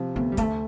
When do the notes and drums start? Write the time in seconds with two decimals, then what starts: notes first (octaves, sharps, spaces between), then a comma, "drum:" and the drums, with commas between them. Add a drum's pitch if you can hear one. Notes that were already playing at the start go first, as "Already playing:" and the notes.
Already playing: C3 F3 C4
0.15 D2 B3
0.32 G3
0.37 D2 A3, drum: kick, hi-hat